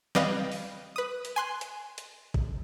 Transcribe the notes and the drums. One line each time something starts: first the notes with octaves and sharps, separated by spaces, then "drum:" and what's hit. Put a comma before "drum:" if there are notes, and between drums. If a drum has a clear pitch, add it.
G3 B4 D5 D#5 F5, drum: snare
drum: open hi-hat
B4 D#6
drum: hi-hat
G#5 C6 F#6
drum: hi-hat
drum: hi-hat
drum: kick G#1